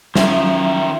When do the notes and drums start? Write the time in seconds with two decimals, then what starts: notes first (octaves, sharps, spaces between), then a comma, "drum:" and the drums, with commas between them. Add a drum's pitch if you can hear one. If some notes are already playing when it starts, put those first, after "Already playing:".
0.16 D#3 F3 F#3 C#4 E4 E5, drum: snare